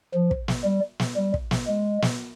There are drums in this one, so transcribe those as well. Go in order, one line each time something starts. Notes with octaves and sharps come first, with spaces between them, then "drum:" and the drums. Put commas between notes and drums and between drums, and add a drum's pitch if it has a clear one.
F3
drum: kick
drum: snare
G3
drum: snare
G3
drum: kick
drum: snare
G#3
drum: snare